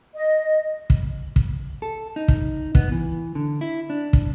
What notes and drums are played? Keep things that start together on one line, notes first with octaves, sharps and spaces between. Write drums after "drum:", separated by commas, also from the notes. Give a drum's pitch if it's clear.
D#5
drum: kick
drum: kick
A4
D#4
drum: kick
B3, drum: kick
E3
D3
E4
D4
drum: kick